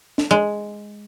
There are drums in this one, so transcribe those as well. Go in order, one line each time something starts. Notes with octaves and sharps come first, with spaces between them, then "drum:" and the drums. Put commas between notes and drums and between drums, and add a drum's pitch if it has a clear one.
drum: snare
G#3